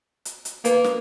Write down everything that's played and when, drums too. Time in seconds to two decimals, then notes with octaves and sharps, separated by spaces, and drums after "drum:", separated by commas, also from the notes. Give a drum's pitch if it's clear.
0.25 drum: hi-hat
0.45 drum: hi-hat
0.65 A#3 B4, drum: hi-hat
0.84 drum: snare